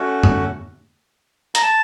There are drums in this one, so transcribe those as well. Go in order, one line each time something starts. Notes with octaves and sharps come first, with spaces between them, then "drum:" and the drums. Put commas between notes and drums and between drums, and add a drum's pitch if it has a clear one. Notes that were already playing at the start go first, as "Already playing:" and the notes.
Already playing: A3 C#4 F#4
drum: tom F2
A#5, drum: hi-hat
A5